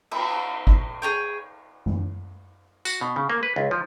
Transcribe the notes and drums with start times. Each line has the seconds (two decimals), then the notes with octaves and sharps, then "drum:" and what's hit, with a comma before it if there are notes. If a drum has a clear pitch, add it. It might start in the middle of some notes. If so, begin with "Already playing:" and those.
0.11 E5, drum: cymbal
0.67 drum: kick
1.02 G#4 A#4 C#5 G5
1.86 drum: tom F#2
2.85 F#4, drum: tambourine
3.01 B2
3.16 C#3
3.30 A#3
3.43 B4
3.56 C#2
3.71 F3